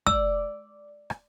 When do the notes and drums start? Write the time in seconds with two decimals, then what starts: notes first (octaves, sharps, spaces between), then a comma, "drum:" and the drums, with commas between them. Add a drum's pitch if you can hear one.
0.07 D5 E6, drum: kick
1.10 drum: rim click